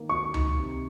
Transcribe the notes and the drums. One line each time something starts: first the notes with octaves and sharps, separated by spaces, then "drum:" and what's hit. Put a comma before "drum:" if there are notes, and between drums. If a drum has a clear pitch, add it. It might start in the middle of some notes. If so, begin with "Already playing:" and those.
Already playing: D#3 A#3
F#4 C#6
D#4, drum: tom C#2
C3